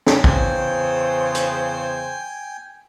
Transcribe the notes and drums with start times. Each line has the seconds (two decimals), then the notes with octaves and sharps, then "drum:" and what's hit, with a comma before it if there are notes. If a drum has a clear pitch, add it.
0.07 drum: snare
0.24 E2 C#3 C5 G5 G#5, drum: kick
1.35 drum: hi-hat